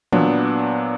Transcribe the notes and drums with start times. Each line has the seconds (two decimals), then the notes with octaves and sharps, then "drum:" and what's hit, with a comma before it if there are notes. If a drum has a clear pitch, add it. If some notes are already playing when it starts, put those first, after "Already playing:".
0.12 A#2 F#3 B3 D4, drum: tom D#3